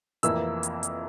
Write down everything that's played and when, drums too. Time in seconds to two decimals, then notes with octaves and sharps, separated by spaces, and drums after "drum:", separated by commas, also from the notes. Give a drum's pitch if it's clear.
0.23 F1 F2 E3 A#3 E4 E6, drum: hi-hat
0.63 drum: hi-hat
0.83 drum: hi-hat